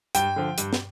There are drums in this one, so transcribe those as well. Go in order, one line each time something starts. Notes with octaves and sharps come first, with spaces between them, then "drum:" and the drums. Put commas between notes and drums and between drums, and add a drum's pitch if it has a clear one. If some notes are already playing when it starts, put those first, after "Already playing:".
G2 G5, drum: hi-hat
D3 F3
G2, drum: hi-hat
drum: snare